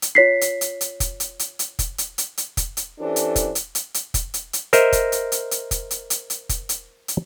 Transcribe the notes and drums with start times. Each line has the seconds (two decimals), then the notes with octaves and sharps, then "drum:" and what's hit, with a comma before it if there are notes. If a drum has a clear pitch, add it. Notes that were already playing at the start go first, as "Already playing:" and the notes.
0.02 drum: hi-hat
0.15 F4 C#5 B6 C7
0.41 drum: hi-hat
0.61 drum: hi-hat
0.81 drum: hi-hat
1.00 drum: kick F1, hi-hat
1.20 drum: hi-hat
1.39 drum: hi-hat
1.59 drum: hi-hat
1.79 drum: kick F1, hi-hat
1.98 drum: hi-hat
2.18 drum: hi-hat
2.38 drum: hi-hat
2.57 drum: kick F1, hi-hat
2.77 drum: hi-hat
3.00 E3 C#4 D4 G4 A4 C5
3.16 drum: hi-hat
3.36 drum: kick F1, hi-hat
3.55 drum: hi-hat
3.75 drum: hi-hat
3.94 drum: hi-hat
4.14 drum: kick F1, hi-hat
4.34 drum: hi-hat
4.53 drum: hi-hat
4.73 A#4 C5 D#5 E5, drum: hi-hat
4.92 drum: kick F1, hi-hat
5.12 drum: hi-hat
5.32 drum: hi-hat
5.51 drum: hi-hat
5.71 drum: kick F1, hi-hat
5.91 drum: hi-hat
6.10 drum: hi-hat
6.30 drum: hi-hat
6.49 drum: kick F1, hi-hat
6.69 drum: hi-hat
7.08 drum: hi-hat